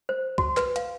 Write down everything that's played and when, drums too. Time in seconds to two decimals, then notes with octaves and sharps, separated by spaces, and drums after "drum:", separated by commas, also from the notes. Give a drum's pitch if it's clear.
0.09 C5
0.38 F#4, drum: kick
0.57 B4, drum: clap
0.76 F5, drum: hi-hat